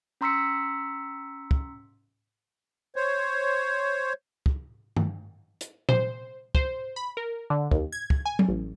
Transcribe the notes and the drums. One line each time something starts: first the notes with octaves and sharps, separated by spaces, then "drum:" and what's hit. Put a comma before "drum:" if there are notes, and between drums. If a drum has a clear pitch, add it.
C#4 A#5 C6 E6 B6 C#7
drum: kick
C5 C#5
drum: kick
drum: tom
drum: hi-hat
C5, drum: tom
C5, drum: kick
B5
A#4
D3
D#2, drum: kick
G#6
drum: kick
G#5
drum: tom F#3
A1